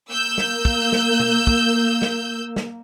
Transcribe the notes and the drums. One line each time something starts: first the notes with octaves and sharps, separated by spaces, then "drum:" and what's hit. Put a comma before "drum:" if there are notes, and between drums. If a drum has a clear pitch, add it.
A#3 E6 G6
drum: snare
drum: kick
drum: snare
drum: tom B2
drum: kick
drum: snare
drum: snare